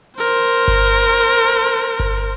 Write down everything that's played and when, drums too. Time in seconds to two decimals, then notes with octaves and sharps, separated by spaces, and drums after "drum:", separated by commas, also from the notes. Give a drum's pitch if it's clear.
0.19 A#4 C5, drum: open hi-hat
0.68 drum: kick G1
2.00 drum: kick G1